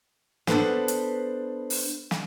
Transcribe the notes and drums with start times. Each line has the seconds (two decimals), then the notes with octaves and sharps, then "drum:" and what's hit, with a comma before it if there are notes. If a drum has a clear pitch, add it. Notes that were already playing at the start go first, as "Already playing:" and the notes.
0.47 B3 D4 D#4 A4 B4 C5, drum: snare
0.88 drum: hi-hat
1.70 drum: open hi-hat
2.11 drum: snare